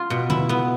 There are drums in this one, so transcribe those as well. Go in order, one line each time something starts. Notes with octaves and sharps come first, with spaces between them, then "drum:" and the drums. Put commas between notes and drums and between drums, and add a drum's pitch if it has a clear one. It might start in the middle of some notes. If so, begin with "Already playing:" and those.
Already playing: F4
B2
E4, drum: tom C#3
B3